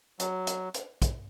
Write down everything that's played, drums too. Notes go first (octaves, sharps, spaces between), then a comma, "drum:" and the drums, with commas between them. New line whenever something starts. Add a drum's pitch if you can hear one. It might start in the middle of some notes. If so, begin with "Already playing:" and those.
F#3, drum: hi-hat
drum: hi-hat
drum: hi-hat
drum: kick, hi-hat